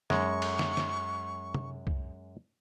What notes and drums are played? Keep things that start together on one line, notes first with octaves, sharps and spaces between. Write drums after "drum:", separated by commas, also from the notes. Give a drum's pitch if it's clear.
F#2 G#3 C#6, drum: snare
drum: cymbal
drum: snare
drum: snare
drum: tom C3
drum: kick